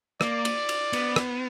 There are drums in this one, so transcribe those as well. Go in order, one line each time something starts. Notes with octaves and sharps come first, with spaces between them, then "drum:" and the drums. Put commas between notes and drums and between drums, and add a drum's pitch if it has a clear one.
A#3 D5, drum: rim click
drum: cymbal
drum: cymbal
B3, drum: cymbal
drum: rim click